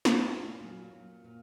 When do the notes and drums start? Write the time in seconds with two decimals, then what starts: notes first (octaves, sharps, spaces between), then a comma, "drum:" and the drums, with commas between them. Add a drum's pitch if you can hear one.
0.05 drum: snare
0.24 A#2 F#3 C#4
0.38 D4
0.51 C#4
0.58 A#2 F#3
0.91 A#2 F#3
1.24 A#2